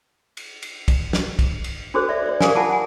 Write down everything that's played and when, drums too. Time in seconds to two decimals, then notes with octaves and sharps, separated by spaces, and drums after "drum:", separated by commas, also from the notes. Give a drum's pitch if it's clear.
0.37 drum: cymbal
0.62 drum: cymbal
0.88 drum: kick, cymbal
1.13 drum: snare
1.39 drum: kick, cymbal
1.64 drum: cymbal
1.94 D4 F#4 G#4 A4 C5 C#5
2.08 A4 D5 E5
2.26 C#5 D5
2.41 G4 G#4 A#4 D5 F5 G#5, drum: snare
2.55 F4 F#5 G#5 A5 D6
2.70 F#5 G#5